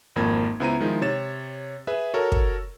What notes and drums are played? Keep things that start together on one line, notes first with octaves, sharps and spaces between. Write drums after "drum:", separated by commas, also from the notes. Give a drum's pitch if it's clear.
G#1 F2 A#3 G#6
C#2 B3 E4 C5 A#5 D#7
D#3 F3 G#3 D#4 E4
C3 C#5 A6 E7
G#4 B4 E5
F#4 A4 A#4 C#5
drum: kick